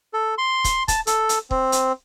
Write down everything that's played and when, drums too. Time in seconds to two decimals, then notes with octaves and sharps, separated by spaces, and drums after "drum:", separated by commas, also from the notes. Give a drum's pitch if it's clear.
0.13 A4
0.38 C6
0.64 drum: kick, hi-hat
0.88 A5, drum: kick, hi-hat
1.07 A4, drum: hi-hat
1.29 drum: hi-hat
1.51 C4, drum: kick
1.72 drum: hi-hat